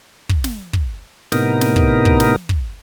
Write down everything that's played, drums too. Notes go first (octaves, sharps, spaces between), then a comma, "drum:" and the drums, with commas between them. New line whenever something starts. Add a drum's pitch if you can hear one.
drum: kick
drum: snare
drum: kick
A2 C3 B3 D#4 A#4, drum: snare
drum: snare
drum: kick
drum: kick
drum: snare
drum: kick